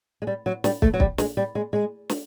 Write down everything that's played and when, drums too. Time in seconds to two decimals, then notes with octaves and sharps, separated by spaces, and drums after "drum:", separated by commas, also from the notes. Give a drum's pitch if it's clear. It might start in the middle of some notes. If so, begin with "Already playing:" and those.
0.22 G#3
0.27 G3
0.46 F#3
0.64 G3, drum: snare
0.82 A3, drum: kick
0.94 F#3
1.00 G3, drum: kick
1.18 G#3, drum: snare
1.37 G3
1.55 G#3
1.73 G#3
2.09 drum: snare